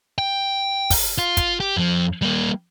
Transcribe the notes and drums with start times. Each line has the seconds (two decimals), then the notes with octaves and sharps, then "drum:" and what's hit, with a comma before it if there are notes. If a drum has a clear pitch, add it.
0.18 G5
0.90 drum: kick, open hi-hat
1.18 F4
1.37 drum: kick, hi-hat
1.60 G4
1.77 F2 F3
2.22 G3 A#3